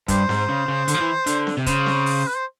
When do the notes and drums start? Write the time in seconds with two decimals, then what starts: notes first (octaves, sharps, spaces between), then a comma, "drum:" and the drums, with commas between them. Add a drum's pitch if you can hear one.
0.08 G2 C5, drum: kick, hi-hat
0.29 G#2, drum: snare C4
0.49 C#3
0.68 C#3
0.88 D3, drum: hi-hat
0.95 F3
1.01 E3
1.27 D3, drum: hi-hat
1.47 drum: snare C4
1.57 C3
1.66 C#3 C5, drum: kick, hi-hat
1.86 drum: snare C4
2.06 drum: open hi-hat
2.28 B4
2.36 C5